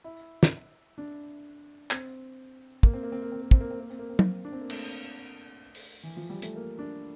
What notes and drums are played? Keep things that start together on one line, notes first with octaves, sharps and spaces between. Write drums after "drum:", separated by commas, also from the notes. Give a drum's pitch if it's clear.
E4
drum: snare
D4
C4, drum: clap
A#3, drum: kick
C4
A#3
C4
A#3
C4
A#3
C4, drum: kick
A#3
C4
A#3
C4
A#3
C4
A#3, drum: tom
D4
C4
A#3
A3, drum: cymbal
drum: tambourine
drum: open hi-hat
E3
F3
G3
A3, drum: hi-hat
A#3
D4